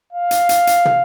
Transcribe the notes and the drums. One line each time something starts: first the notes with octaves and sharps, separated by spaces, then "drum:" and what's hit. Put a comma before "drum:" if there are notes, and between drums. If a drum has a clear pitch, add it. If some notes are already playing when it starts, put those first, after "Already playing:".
F5
drum: hi-hat
drum: hi-hat
drum: hi-hat
drum: tom